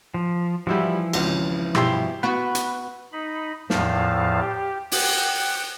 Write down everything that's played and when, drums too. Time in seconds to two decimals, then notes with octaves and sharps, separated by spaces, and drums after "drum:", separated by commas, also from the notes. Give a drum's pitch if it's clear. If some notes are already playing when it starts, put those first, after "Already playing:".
0.14 F3
0.67 E3 F3 G3 E4 F#4
1.13 G#1 C#2, drum: cymbal
1.75 G2 B2 E4 G4 C6, drum: rim click
2.23 B3 F#4 B4
2.55 drum: hi-hat
3.12 D#4 B5
3.70 E2 A2 F3 F5 A5, drum: snare
4.40 G4
4.92 F#5 G5 F#6, drum: open hi-hat